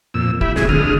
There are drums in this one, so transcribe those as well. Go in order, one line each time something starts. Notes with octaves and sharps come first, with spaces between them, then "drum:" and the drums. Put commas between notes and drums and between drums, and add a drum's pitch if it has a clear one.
F2 A#2 E6
E4 G4 E5 B5, drum: kick
C3 F#3 G#3 E4 G#4, drum: snare
D2 D3 G#3 D#6 F6, drum: kick